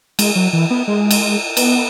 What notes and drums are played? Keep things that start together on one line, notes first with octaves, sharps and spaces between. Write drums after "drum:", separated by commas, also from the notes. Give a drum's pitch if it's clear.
G#3, drum: cymbal
F#3
E3
B3
G#3
drum: cymbal
B3, drum: cymbal